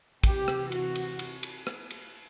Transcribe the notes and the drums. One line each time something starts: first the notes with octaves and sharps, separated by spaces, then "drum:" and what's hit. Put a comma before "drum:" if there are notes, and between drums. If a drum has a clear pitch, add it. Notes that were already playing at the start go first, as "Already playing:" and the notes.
C3 E3 G4, drum: kick, cymbal
drum: rim click
F#4, drum: cymbal
drum: cymbal
drum: cymbal
drum: cymbal
drum: rim click
drum: cymbal